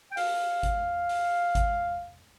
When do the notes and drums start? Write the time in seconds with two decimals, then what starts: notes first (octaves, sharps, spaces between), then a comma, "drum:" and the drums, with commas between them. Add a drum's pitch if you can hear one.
0.11 G5
0.17 F5, drum: open hi-hat
0.63 drum: kick G#1, hi-hat
1.09 drum: open hi-hat
1.55 drum: kick G#1, hi-hat